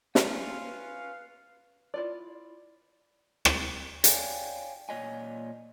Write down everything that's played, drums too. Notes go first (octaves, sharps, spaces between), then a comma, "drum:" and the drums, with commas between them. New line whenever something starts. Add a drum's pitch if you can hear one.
C#4 F4 F5, drum: snare
B4
E4 F4 D5
drum: rim click
C#5 D5 F5 G5 G#5, drum: hi-hat
A#2 C#5 D#5 G#5